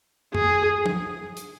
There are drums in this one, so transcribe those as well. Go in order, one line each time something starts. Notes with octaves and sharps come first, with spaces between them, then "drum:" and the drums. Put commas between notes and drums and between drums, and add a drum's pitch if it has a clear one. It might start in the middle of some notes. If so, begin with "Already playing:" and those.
G#4, drum: tom F#2
drum: tom
drum: hi-hat